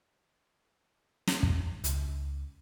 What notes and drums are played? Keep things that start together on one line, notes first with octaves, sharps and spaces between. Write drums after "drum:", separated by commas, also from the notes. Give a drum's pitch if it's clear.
drum: snare
drum: kick
C#2, drum: hi-hat